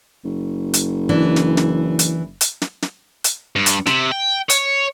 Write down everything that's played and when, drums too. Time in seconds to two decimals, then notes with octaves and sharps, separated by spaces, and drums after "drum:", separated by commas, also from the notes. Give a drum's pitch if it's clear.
0.24 F#1
0.74 drum: hi-hat
1.09 E3 D4
1.36 drum: snare
1.57 drum: snare
1.99 drum: hi-hat
2.41 drum: hi-hat
2.62 drum: snare
2.82 drum: snare
3.24 drum: hi-hat
3.56 G2
3.66 drum: hi-hat
3.86 C3, drum: snare
4.11 G5
4.50 C#5, drum: hi-hat